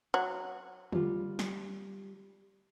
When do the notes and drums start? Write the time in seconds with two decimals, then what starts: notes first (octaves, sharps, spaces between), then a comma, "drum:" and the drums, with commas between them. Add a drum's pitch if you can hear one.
0.14 F#3
0.92 G3 F4, drum: tom D3
1.39 drum: snare